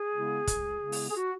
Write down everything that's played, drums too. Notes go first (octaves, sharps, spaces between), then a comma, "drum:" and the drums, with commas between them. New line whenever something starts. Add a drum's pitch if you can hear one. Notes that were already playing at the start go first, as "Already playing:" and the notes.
Already playing: G#4
C#3 G#3 B3 E4
C#2, drum: kick, hi-hat
C#3 G#3 B3 E4
drum: open hi-hat
G#4
F#4